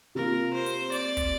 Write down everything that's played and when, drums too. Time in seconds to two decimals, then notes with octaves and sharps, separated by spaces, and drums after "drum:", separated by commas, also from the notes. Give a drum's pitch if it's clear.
0.15 C3 A#3 F4 A#4
0.54 C5
0.66 drum: hi-hat
0.92 D5, drum: hi-hat
1.17 drum: kick, hi-hat